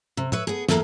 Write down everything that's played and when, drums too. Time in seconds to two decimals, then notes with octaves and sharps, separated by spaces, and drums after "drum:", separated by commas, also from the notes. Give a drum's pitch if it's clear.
0.17 C3
0.32 B4 C#5 E5, drum: tom
0.47 B3 G#4
0.68 E2 A#3 A4 E5, drum: snare